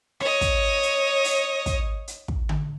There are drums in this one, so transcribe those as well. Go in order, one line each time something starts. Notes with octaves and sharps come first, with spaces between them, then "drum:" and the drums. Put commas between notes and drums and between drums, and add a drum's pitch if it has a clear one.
C#5 D#5, drum: rim click
drum: kick, hi-hat
drum: hi-hat
drum: open hi-hat
drum: kick, hi-hat
drum: hi-hat
drum: kick
drum: tom D3